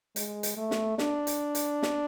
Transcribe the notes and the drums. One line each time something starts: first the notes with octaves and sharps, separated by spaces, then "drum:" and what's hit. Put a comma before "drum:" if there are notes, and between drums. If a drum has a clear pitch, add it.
G#3, drum: hi-hat
drum: hi-hat
A3
drum: snare
D4, drum: snare
drum: hi-hat
drum: hi-hat
drum: snare